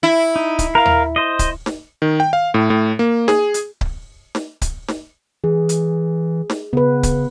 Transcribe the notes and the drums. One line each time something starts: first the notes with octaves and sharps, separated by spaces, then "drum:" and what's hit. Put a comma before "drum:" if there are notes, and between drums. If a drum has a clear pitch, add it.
E4
D#4
drum: kick C#1, hi-hat
A#4 F5
drum: tom D#2
C5 D#5
drum: kick C#1, hi-hat
drum: snare
D#3
G5
F5
A2
A2
A#3
G#4, drum: snare
drum: hi-hat
drum: kick C#1
drum: snare
drum: kick C#1, hi-hat
drum: snare
E3 G#4
drum: hi-hat
drum: snare
C#3 B3 B4
drum: kick C#1, hi-hat